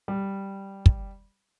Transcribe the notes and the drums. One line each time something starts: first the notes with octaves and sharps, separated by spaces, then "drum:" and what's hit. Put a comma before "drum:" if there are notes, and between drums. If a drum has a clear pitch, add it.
G3
drum: kick